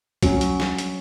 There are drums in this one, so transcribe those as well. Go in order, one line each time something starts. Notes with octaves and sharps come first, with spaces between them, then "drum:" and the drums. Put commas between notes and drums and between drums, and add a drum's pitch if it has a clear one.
F#3 C#4 F#4, drum: kick C2, hi-hat
drum: hi-hat
drum: snare
drum: hi-hat